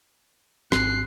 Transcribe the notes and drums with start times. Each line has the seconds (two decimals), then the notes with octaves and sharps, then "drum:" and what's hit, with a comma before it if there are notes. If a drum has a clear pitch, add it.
0.72 G#1 C4 F#6 C7, drum: rim click